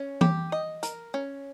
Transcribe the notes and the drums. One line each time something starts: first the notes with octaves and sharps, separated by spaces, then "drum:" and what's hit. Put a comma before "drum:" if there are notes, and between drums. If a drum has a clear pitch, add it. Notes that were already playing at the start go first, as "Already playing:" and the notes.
Already playing: C#4
G4, drum: tom E3
D#5
A#4, drum: hi-hat
C#4